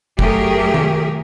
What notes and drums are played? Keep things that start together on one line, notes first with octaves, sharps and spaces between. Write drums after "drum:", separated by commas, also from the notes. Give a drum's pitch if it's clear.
F#3 A3 G4 G#4 A#4, drum: kick F1
drum: tom D#3